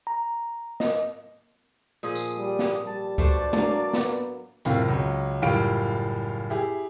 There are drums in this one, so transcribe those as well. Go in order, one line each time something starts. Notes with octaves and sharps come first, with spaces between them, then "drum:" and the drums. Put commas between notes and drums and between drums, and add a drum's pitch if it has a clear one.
A#5
D#5, drum: snare
A#2 F3 G#4 D#6
drum: tambourine
G3
drum: snare
G3 A5
B2 A3 D4 F#4 C5 D5, drum: kick C#2
F#3 A#3 D4 F5, drum: tom G#3
B3, drum: snare
F#1 A2 C3 F4, drum: hi-hat
C#2 F#3 C#4
F#1 A2 G3 F4 F5 D7
E4 G4 G#4